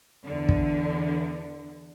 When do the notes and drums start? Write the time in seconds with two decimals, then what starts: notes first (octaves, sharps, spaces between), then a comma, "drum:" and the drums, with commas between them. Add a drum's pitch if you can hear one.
0.24 E2 D3
0.49 drum: kick